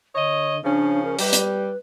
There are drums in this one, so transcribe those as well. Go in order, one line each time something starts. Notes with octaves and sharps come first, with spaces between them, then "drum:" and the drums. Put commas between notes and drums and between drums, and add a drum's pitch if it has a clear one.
D3 C#5 D#5
C#3 F3 C#4 D4
A#4
G3 B4, drum: open hi-hat
drum: hi-hat